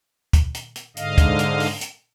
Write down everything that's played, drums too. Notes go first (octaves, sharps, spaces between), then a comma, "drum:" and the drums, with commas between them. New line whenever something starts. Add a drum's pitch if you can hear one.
drum: kick, hi-hat
drum: hi-hat
drum: hi-hat
G#2 D3 D#5 F5, drum: hi-hat
drum: kick, hi-hat
drum: hi-hat
drum: open hi-hat
drum: hi-hat